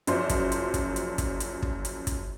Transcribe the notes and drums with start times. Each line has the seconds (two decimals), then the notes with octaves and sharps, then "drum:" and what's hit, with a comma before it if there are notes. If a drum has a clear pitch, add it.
0.07 F#1 F#2 F3 C5 D5, drum: hi-hat
0.29 drum: kick, hi-hat
0.52 drum: hi-hat
0.74 drum: kick, hi-hat
0.96 drum: hi-hat
1.18 drum: kick, hi-hat
1.40 drum: hi-hat
1.62 drum: kick
1.85 drum: hi-hat
2.07 drum: kick, hi-hat